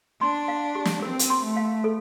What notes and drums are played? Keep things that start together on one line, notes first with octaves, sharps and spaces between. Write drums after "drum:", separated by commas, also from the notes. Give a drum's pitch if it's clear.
D4 C6
F5
G4
drum: snare
C4 A#4
drum: hi-hat
C6
A3
F5
A4